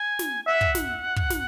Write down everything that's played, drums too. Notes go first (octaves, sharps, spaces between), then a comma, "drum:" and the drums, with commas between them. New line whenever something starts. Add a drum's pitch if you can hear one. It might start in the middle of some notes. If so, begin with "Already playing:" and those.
Already playing: G#5
drum: snare
E5 F#5
drum: kick
drum: snare
drum: kick
drum: snare